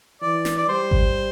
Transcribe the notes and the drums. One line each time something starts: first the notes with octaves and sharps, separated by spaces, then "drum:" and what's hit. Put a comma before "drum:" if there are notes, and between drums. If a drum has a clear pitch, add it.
E3 D5
drum: snare
D5
G3 C5
drum: kick G#1